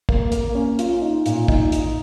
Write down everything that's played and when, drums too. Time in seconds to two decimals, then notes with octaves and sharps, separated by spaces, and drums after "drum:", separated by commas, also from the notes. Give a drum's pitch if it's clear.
0.09 A#3, drum: kick
0.32 A#3, drum: hi-hat
0.55 C#4
0.79 F4, drum: hi-hat
1.01 D#4
1.26 A#2, drum: hi-hat
1.48 D#4, drum: kick
1.72 D#4, drum: hi-hat